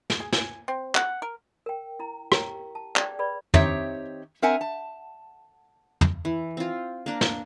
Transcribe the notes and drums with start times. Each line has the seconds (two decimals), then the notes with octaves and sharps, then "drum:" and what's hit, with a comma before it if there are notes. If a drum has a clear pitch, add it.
0.10 drum: snare
0.20 G#4
0.33 G#5, drum: snare
0.68 C4
0.95 F#5, drum: clap
1.22 A#4
1.66 A#4 G5
1.99 E4 A#5
2.32 G4 A#4 G5 A#5, drum: rim click
2.75 A5
2.96 G#4 D5 G5, drum: clap
3.19 G#4 B4 D5 B5
3.54 D#3 C4 G4 C#5 E5 A#5, drum: tom
4.42 C4 A#4 E5 F#5 G#5 A#5
4.61 A5
6.01 drum: tom
6.25 E3
6.57 C4 F4
7.06 A#3 D4 A#4
7.21 drum: snare